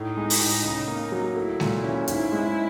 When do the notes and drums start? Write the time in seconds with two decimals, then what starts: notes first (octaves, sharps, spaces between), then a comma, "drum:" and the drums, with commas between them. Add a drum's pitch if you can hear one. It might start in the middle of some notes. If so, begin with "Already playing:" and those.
Already playing: A2 D#4
0.17 G#3
0.30 drum: open hi-hat
0.40 A2
0.64 C#3
0.88 A#3
1.12 F#3
1.35 A3 E4
1.60 A#2, drum: snare G#3
1.84 C#4
2.08 G#2 E4, drum: hi-hat
2.32 G#3